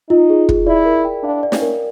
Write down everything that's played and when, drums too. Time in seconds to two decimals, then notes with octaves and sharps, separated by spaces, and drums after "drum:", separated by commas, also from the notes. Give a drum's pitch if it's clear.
0.10 D#4 F4
0.30 G#4
0.49 G#4, drum: kick
0.67 E4 D5
0.85 A#4
1.05 G5
1.23 D4 F5
1.43 D5
1.52 C#4, drum: snare
1.62 A#4